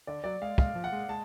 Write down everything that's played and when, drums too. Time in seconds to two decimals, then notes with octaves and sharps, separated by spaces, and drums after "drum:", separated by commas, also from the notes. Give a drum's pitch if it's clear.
0.07 D3 D5
0.24 F#3 D5
0.42 G#3 F5
0.58 G#3 F5, drum: kick
0.75 F3
0.84 F#5
0.92 G#3
1.09 G#3 A5